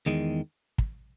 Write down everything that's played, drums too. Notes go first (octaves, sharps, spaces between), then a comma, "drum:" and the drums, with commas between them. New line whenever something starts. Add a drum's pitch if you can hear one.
E2 D#3 G#3, drum: hi-hat
drum: kick